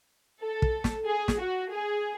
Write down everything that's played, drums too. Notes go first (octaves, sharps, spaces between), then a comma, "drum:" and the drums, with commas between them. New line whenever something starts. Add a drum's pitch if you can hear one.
A4
drum: kick
drum: snare
G#4
drum: snare
F#4
G#4